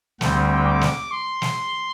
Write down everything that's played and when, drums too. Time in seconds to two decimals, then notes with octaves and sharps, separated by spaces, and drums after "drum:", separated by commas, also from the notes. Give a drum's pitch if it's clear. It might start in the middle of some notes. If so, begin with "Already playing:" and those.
0.21 D2 D3 G3 C4 G5, drum: snare
0.66 D6
0.81 drum: snare
1.11 C6
1.42 drum: snare